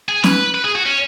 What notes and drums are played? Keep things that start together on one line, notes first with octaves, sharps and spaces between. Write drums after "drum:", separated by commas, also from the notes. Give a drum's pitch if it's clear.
G#4
B4, drum: snare
B4
G#4
F#4
C#4